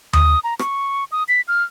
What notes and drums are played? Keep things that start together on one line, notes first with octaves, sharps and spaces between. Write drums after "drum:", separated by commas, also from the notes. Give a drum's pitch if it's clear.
D#6, drum: tom D#2
A#5
C#6, drum: rim click
D#6
B6
F6